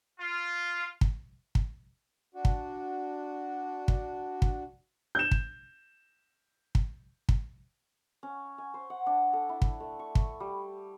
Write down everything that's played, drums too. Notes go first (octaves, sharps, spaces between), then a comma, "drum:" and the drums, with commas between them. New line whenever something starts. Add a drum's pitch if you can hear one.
F4
drum: kick
drum: kick
D4 F#4
drum: kick
drum: kick
drum: kick
G6 E7
drum: kick
drum: kick
drum: kick
C#4
G#5
C5
F#5
D4
A4
E4
drum: kick
A3
C#6
drum: kick
G3